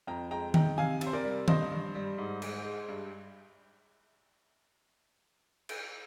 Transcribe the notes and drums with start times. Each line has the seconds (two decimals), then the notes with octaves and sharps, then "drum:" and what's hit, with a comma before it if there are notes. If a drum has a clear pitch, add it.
0.07 F2 G5 A#5
0.31 G#3 G5 A#5
0.54 D#3 G5 A#5, drum: tom D#3
0.77 C3 F5 G#5
1.01 C3, drum: cymbal
1.07 C5
1.13 A#4 D5
1.24 G3
1.48 G2 C5 D#5, drum: tom D#3
1.72 G2
1.95 G3
2.18 G#2
2.42 G#2, drum: cymbal
2.65 G#3
2.89 G2
5.69 drum: cymbal